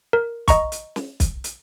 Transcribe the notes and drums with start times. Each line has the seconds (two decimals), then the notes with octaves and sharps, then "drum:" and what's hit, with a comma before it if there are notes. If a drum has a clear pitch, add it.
0.13 A#4
0.48 D#5 A#5 C#6, drum: kick, hi-hat
0.72 drum: hi-hat
0.96 drum: snare
1.20 drum: kick, hi-hat
1.44 drum: hi-hat